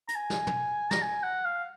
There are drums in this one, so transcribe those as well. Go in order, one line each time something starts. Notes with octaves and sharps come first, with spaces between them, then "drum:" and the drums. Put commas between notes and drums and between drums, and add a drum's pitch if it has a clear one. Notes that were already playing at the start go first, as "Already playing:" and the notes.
A#5, drum: hi-hat
G#5
drum: snare
drum: tom
A#5, drum: snare
G#5
F#5
F5